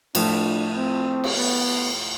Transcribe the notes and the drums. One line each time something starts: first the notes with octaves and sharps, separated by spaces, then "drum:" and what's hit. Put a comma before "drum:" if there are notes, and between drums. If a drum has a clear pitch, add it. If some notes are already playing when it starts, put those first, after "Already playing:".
A2 F3 A3 D4, drum: cymbal
C4
drum: cymbal
B3